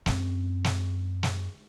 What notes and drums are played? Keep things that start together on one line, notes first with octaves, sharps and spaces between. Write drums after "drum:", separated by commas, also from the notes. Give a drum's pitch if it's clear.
F#2 C4, drum: snare
drum: snare
drum: snare